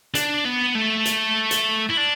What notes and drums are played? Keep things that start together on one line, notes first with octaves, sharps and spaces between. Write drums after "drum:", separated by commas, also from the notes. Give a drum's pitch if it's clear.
D4, drum: hi-hat
B3
A3
drum: hi-hat
drum: hi-hat
E4
D4